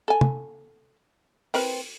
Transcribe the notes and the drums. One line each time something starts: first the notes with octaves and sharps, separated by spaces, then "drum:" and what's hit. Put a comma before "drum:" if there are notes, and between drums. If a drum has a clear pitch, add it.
A4 G#5
drum: tom
C4 A#4 B4, drum: open hi-hat